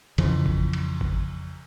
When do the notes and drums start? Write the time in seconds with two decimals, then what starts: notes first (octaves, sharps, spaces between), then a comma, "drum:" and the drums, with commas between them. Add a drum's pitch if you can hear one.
0.18 F2 C#3 E3 F3, drum: cymbal
0.46 drum: kick G1
0.73 drum: cymbal
1.01 drum: kick G1